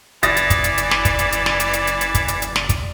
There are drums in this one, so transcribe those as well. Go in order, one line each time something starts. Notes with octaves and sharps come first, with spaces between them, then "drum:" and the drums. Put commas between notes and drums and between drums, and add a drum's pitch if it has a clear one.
F#1 E3 D5 D#6 A6 A#6, drum: hi-hat
drum: hi-hat
drum: kick, hi-hat
drum: hi-hat
drum: hi-hat
drum: snare
drum: kick, hi-hat
drum: hi-hat
drum: hi-hat
drum: snare
drum: hi-hat
drum: hi-hat
drum: hi-hat
drum: hi-hat
drum: kick, hi-hat
drum: hi-hat
drum: hi-hat
drum: snare
drum: kick, hi-hat